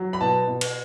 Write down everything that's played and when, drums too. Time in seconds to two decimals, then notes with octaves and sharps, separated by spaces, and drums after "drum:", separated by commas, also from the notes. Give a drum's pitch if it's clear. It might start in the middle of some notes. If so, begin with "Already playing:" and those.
Already playing: F#3
0.13 B5
0.21 B2 A5
0.48 B2
0.61 drum: cymbal